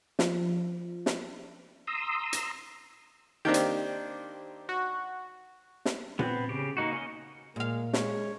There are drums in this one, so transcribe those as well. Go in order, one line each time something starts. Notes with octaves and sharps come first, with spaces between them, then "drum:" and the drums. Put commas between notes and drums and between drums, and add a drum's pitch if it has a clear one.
F3, drum: snare
drum: snare
A#5 C6 D#6 E6
drum: hi-hat
D#3 A#3 C4 D4 G4
drum: hi-hat
F#4
drum: snare
B3 C4, drum: tom A#2
C#3 G4
A#3 D#4 F#4
C#4 D#5
A#2 G#3 A#3 F5
G#3 C#5, drum: snare